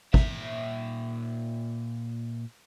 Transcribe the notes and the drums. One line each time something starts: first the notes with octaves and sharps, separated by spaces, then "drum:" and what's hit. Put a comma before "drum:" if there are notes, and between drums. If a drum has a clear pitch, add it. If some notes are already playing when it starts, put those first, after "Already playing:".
A#2 E5, drum: kick